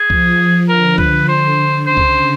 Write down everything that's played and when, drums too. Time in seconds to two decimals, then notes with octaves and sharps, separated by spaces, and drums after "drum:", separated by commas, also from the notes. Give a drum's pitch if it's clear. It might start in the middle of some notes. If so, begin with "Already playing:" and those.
Already playing: G#4
0.10 F3, drum: kick C2
0.69 D3 A#4
0.98 B4, drum: kick C2
1.28 C5
1.87 C#3 C5
1.97 drum: kick C2